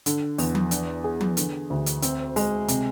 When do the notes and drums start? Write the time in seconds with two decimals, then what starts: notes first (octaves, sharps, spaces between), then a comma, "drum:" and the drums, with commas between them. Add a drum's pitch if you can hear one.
0.06 D3, drum: hi-hat
0.38 E2, drum: open hi-hat
0.55 drum: tom F3
0.71 D4, drum: hi-hat
1.04 G#4
1.21 drum: tom F3
1.37 D3, drum: hi-hat
1.70 D2
1.86 drum: hi-hat
2.02 C4, drum: hi-hat
2.36 G#3, drum: open hi-hat
2.68 C3, drum: hi-hat